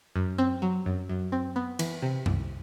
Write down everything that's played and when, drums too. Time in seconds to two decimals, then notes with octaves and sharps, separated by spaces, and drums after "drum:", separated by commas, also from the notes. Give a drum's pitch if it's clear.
0.16 F#2
0.38 C4
0.62 F#3
0.86 F#2
1.09 F#2
1.32 C4
1.56 B3
1.79 E3, drum: cymbal
2.02 C3
2.26 C2, drum: tom F#2